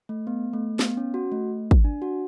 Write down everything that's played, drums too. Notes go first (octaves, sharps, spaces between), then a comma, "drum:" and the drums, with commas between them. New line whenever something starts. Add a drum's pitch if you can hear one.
A3
B3
A3
B3, drum: snare
C#4
F#4
A3
drum: kick
D4
F#4